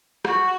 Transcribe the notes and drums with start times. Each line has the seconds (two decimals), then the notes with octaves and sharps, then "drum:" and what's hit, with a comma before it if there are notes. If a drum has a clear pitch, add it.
0.25 F#4, drum: rim click